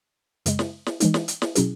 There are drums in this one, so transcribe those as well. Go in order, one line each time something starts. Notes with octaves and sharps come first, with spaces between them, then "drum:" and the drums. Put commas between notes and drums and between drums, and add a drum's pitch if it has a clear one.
F#2 C#3 G#3, drum: hi-hat
drum: snare
drum: snare
E3 G#3 D#4, drum: hi-hat
drum: snare
drum: hi-hat
drum: snare
B2 F#3 C#4 E4 G#4, drum: hi-hat